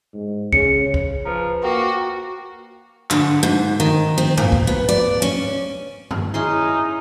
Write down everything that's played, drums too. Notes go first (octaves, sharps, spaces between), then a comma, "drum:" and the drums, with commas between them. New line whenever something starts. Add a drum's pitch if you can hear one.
G#2
C#3 C#7, drum: kick
drum: kick
F3 B4 A#5
A#3 F#4 G5 D6
D3, drum: clap
G#2
D#3
C4
A#2, drum: tom F#2
drum: kick
B3
D5
C#4
drum: tom F#2
C#4 D#4 E4 G#4 C6